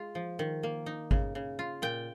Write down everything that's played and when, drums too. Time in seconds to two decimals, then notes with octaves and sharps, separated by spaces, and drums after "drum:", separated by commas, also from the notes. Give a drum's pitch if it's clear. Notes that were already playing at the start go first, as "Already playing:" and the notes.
Already playing: G#3 F4
0.15 F3
0.39 D#3
0.63 A#3
0.86 D#4
1.11 C#3, drum: kick
1.35 C#3
1.59 F4
1.82 A#2 G5